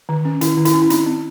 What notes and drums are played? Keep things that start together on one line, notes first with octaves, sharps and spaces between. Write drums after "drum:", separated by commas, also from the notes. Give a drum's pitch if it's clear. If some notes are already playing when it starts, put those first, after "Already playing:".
D#3
C#4
D#3 E4, drum: hi-hat
D#3
E4, drum: hi-hat
C#4
E4
C4 D#4, drum: hi-hat
C4